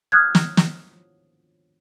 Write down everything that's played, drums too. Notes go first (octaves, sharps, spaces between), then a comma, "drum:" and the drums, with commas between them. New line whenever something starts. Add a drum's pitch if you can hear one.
D#6 F6 F#6 G#6
drum: snare
drum: snare